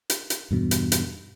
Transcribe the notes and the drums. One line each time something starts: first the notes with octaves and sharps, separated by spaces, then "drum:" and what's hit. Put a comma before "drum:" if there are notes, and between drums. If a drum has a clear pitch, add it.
drum: hi-hat
drum: hi-hat
E2 G2 B2
drum: hi-hat
drum: hi-hat